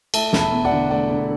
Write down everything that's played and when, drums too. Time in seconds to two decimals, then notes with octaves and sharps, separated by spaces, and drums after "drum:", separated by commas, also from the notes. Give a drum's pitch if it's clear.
0.14 A3 E5 A5, drum: cymbal
0.33 E1 B5, drum: snare
0.39 E5 A5
0.52 E2
0.65 D5 F#5
0.72 D3
0.90 A3 D5 F#5
1.10 E1